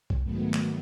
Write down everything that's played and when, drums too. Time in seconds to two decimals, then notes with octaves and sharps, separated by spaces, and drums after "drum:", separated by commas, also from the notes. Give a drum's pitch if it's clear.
0.10 drum: kick
0.23 G#2 D#3 F#3 A3 B3
0.54 drum: clap